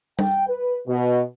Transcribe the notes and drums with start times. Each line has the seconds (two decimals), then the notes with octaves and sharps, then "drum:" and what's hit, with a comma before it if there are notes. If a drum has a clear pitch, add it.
0.19 G5, drum: tom
0.47 B4
0.88 B2